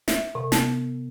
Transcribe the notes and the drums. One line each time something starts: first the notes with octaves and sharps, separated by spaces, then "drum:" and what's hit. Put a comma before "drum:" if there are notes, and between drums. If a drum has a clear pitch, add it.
E5, drum: snare
C3
B3, drum: snare